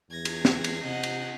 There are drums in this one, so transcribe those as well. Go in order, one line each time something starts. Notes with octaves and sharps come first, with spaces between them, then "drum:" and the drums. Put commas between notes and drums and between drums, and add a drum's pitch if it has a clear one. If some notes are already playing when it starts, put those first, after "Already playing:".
E2 G#6 A#6
drum: cymbal
drum: snare
drum: cymbal
C3 D#5 F#5
drum: cymbal